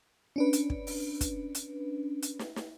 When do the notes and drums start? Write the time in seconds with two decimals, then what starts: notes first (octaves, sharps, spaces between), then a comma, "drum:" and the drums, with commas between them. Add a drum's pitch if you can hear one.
0.36 C#4 D4 B4
0.53 drum: hi-hat
0.70 drum: kick
0.87 drum: open hi-hat
1.21 drum: kick, hi-hat
1.55 drum: hi-hat
2.22 drum: hi-hat
2.39 drum: snare
2.56 drum: snare